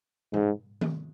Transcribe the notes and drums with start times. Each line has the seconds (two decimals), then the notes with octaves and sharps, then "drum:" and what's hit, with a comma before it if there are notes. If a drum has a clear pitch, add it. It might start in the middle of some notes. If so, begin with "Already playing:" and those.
0.34 G#2, drum: tom G#2
0.81 drum: tom D#3